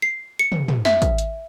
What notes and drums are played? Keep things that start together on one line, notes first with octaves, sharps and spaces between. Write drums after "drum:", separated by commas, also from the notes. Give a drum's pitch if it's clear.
C7
C#7
drum: tom
drum: tom
E5, drum: snare
drum: kick, hi-hat
drum: hi-hat